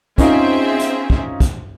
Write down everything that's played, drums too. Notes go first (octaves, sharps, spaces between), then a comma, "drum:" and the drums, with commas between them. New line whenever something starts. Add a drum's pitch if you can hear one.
C4 C#4 D#4 F4 G#4 E5, drum: kick, hi-hat
drum: hi-hat
drum: kick
drum: kick, hi-hat